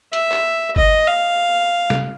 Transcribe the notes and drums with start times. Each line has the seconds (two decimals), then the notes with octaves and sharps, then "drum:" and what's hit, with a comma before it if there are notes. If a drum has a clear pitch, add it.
0.13 E5, drum: hi-hat
0.32 drum: clap
0.76 D#5, drum: kick G1
1.07 F5
1.90 drum: snare